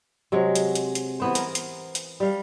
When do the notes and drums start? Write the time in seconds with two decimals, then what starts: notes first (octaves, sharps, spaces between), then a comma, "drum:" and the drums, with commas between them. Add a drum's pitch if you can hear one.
0.32 C3 F#3 G#3
0.55 drum: hi-hat
0.75 drum: hi-hat
0.95 drum: hi-hat
1.20 E3 B3 C5
1.35 A#4, drum: hi-hat
1.55 drum: hi-hat
1.95 drum: hi-hat
2.20 G3 F5